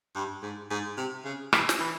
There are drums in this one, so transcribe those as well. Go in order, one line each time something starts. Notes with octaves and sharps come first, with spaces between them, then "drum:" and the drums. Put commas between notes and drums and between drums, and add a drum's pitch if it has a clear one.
G2
G#2
G#2
C3
C#3
E3, drum: rim click
drum: snare
E3